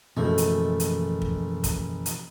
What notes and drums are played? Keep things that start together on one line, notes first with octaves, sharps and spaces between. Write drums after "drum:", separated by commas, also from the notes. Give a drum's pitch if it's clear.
F#1 B2 E3 F3 A3
drum: hi-hat
drum: hi-hat
drum: kick
drum: kick, hi-hat
drum: hi-hat